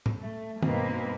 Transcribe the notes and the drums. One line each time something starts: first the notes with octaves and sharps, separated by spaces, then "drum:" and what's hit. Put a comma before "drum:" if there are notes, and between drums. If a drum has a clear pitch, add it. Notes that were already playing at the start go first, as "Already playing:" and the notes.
drum: tom A2
A3
G2 B2 A#3 C4 D#4 B4, drum: tom